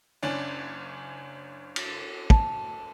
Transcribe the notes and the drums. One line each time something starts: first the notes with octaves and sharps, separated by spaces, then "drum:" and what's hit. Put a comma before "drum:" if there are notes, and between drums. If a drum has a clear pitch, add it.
F#1 C#4 D4
drum: cymbal
A5, drum: kick